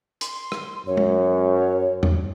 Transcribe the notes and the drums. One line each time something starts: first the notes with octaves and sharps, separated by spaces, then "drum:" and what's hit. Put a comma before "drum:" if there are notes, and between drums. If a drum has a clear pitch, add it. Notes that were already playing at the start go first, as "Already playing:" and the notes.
C6, drum: hi-hat
drum: rim click
F#2 C#5
drum: tom G#3
drum: tom E2